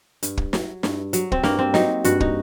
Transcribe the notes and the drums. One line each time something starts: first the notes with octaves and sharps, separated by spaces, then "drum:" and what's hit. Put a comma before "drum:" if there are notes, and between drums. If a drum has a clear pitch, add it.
G2, drum: hi-hat
drum: kick
F#3, drum: snare
G2, drum: snare
F#3, drum: hi-hat
C4, drum: kick
G2 A#3, drum: snare
C4
F#3 D#4, drum: snare
G2 F#4, drum: hi-hat
D#4, drum: kick